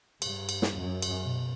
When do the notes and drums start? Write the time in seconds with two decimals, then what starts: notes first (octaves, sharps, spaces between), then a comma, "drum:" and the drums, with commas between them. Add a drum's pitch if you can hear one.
0.22 G2, drum: cymbal
0.49 drum: cymbal
0.62 drum: snare
0.79 F#2
1.02 drum: cymbal
1.23 B2